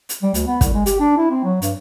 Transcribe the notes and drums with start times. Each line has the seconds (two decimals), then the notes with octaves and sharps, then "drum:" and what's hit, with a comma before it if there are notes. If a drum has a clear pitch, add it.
0.09 drum: hi-hat
0.22 G3
0.34 D2, drum: hi-hat
0.47 B3
0.61 C2, drum: kick, hi-hat
0.73 G#3
0.86 G4, drum: hi-hat
1.00 D4
1.17 E4
1.30 C4
1.44 F#3
1.62 G2, drum: hi-hat